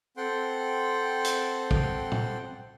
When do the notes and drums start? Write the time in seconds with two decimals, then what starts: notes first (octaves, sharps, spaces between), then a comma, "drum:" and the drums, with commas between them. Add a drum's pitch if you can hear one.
0.17 C4 A4 F#5 G5 C6
1.24 drum: hi-hat
1.71 drum: kick
2.11 drum: tom